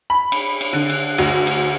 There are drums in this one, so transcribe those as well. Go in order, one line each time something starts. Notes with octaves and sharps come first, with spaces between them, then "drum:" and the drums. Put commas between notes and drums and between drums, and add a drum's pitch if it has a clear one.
B5
drum: cymbal
drum: cymbal
D3
drum: cymbal
D2, drum: cymbal
drum: cymbal